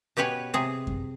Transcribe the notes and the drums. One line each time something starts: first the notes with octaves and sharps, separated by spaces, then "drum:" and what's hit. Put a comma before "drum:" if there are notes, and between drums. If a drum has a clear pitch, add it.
B2 G4 B4 C#5 G#5
C3 G#4
drum: kick F#2